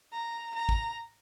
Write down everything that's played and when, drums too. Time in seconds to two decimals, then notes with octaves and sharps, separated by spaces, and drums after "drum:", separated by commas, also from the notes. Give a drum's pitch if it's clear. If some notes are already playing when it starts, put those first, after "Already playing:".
0.12 A#5
0.55 A#5
0.69 drum: kick